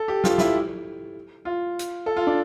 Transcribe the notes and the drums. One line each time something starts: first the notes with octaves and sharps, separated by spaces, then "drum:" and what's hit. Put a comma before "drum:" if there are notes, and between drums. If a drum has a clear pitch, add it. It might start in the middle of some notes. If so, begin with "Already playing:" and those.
Already playing: A4
G4
F4, drum: snare
E4, drum: snare
F4
drum: hi-hat
A4
F4
D4